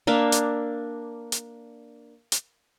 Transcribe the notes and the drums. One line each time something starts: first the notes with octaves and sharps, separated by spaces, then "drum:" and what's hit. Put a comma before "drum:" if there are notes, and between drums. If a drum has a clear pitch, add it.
A#3 D4 E5 F5
drum: hi-hat
drum: hi-hat
drum: hi-hat